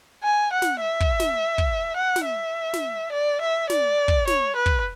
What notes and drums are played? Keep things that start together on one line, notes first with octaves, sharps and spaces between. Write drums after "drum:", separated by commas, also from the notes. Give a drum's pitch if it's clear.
G#5
F#5
drum: snare
E5
drum: kick
drum: snare
drum: kick
F#5
drum: snare
E5
drum: snare
D5
E5
D5, drum: snare
drum: kick
C#5, drum: snare
B4
drum: kick